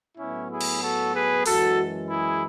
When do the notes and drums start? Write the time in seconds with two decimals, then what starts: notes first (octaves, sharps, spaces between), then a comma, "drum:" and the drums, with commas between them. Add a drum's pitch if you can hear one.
0.18 A2 F#3 B3 C#4 E4
0.49 E4 G#4
0.61 drum: cymbal
0.82 F#4 A4
1.14 G#4 B4
1.46 F#2 E3 G#3 F#4 A4, drum: open hi-hat
2.09 E4 G#4